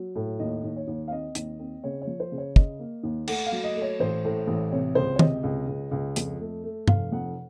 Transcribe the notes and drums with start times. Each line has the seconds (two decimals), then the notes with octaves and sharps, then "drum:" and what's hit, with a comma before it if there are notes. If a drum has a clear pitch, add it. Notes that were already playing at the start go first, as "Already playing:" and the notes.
Already playing: F#3
0.15 A2
0.39 D#2 D#5
0.64 D#2
0.76 C#5
0.87 D#2
1.08 F5
1.11 C4 D#5
1.35 D#2, drum: hi-hat
1.59 C4
1.84 C#3 C#5
2.02 C#5
2.07 F3
2.20 C5
2.32 C#3
2.38 C#5
2.56 C#3 D#5, drum: kick
2.80 A#3
3.03 D#2
3.28 A3 F#5, drum: cymbal
3.46 F5
3.52 F#3
3.64 D#5
3.75 A3
3.82 C#5
4.00 A1 C5
4.24 A2
4.47 A1
4.72 C3 C#5
4.95 C#2 C5
5.16 C#5
5.19 C3 D#5, drum: tom
5.43 C#2
5.67 C#2
5.91 C#2
6.16 F2, drum: hi-hat
6.41 A3
6.64 A3
6.88 F1 F5, drum: tom G2
7.12 F2 F#5